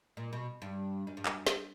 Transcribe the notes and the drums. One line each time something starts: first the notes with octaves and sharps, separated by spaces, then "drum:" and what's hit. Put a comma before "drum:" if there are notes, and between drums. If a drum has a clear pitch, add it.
A#2
B2
G2
F#2
G2
F#2, drum: clap
drum: snare